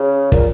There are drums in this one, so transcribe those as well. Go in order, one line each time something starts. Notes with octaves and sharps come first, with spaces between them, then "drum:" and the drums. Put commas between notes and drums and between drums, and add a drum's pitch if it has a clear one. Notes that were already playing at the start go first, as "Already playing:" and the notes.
Already playing: C#3
A#2, drum: kick